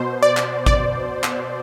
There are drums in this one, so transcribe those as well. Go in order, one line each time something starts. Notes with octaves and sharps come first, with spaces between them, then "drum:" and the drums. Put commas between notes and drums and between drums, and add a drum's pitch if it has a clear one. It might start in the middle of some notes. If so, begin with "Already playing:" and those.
Already playing: B2 C5
D5
drum: clap
D5, drum: kick G#1
drum: clap